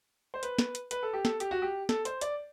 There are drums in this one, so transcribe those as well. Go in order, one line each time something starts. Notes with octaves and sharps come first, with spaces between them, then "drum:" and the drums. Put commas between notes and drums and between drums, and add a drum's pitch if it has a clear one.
C5
B4, drum: hi-hat
drum: snare
drum: hi-hat
B4, drum: hi-hat
A4
G4
A4, drum: snare
G4, drum: hi-hat
F#4
G4
A4, drum: snare
C5, drum: hi-hat
D5, drum: hi-hat